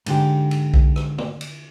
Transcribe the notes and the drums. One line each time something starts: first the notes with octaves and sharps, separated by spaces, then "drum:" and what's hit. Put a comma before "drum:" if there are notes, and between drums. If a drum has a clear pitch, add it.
G#2 D3 G4, drum: cymbal
drum: cymbal
drum: kick B1
drum: rim click
drum: tom
drum: cymbal